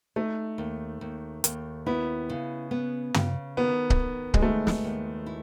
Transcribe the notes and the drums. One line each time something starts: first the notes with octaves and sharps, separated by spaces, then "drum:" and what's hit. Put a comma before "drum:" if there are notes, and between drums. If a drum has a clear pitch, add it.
A3 D#4
D#2
D#2
D#2, drum: hi-hat
B3 E4
C#3
B3
C#3, drum: tom
D#3 B3
drum: kick C#1
D#3
G#3, drum: kick C#1
D#2 A3
drum: snare
D#2
E4